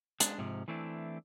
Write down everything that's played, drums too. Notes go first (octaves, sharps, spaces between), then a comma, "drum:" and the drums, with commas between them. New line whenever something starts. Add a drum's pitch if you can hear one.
G#3 D4, drum: hi-hat
G#2 C3 F3
E3 A3 C4 D4 E4